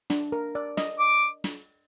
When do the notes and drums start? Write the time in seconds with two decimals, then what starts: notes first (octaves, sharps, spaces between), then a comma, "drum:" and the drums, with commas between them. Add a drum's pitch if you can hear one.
0.10 D4, drum: snare
0.32 A#4
0.55 D5
0.77 D#5, drum: snare
1.00 D6
1.44 drum: snare